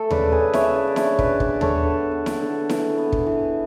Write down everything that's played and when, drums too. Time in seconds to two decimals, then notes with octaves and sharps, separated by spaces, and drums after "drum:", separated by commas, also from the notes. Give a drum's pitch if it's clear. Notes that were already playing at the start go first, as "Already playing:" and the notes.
Already playing: A3 A4
0.10 C#3 B4 D5, drum: tom D#2
0.32 G#4 B4
0.39 C#3
0.53 C#5 E5, drum: snare E4
0.68 C#3
0.75 B4 D5
0.87 D5
0.96 D4 C#5 E5, drum: snare E4
1.19 B4 D5, drum: kick
1.26 B3
1.40 B4 D5, drum: kick
1.55 B3
1.61 A4 C#5, drum: tom D#2
1.83 D3
2.11 B3
2.26 drum: snare E4
2.40 D3
2.69 E3, drum: snare E4
2.98 B3
3.12 drum: kick
3.26 E3